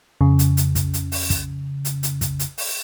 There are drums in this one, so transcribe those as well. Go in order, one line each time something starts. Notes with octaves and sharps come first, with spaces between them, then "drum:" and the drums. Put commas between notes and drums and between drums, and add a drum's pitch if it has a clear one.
F2 C#3
drum: hi-hat
drum: hi-hat
drum: kick, hi-hat
drum: hi-hat
drum: open hi-hat
drum: kick, hi-hat
drum: hi-hat
drum: hi-hat
drum: kick, hi-hat
drum: hi-hat
drum: open hi-hat